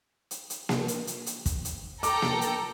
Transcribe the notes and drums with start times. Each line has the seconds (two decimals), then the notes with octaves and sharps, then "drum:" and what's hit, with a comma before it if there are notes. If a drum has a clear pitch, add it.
0.31 drum: hi-hat
0.50 drum: hi-hat
0.69 drum: snare A#3
0.88 drum: hi-hat
1.07 drum: hi-hat
1.26 drum: hi-hat
1.46 drum: kick, hi-hat
1.65 drum: hi-hat
2.03 A4 G5 A#5 D6, drum: hi-hat
2.22 drum: snare A#3
2.41 drum: hi-hat